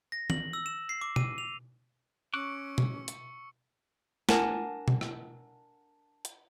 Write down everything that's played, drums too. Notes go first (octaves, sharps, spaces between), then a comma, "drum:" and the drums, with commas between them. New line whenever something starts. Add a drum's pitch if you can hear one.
A#6
F#7, drum: tom D#3
E6
E7
C7
D6
D#7, drum: tom B2
F7
C#4 C#6 D6 E6 F#6 C#7
drum: tom B2
drum: hi-hat
D4 A#4 F#5 G#5 A5, drum: snare
drum: tom B2
drum: rim click
drum: hi-hat